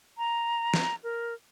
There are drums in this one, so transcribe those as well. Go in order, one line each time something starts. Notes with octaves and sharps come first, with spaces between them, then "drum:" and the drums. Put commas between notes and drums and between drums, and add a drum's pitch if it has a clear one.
A#5
drum: snare
A#4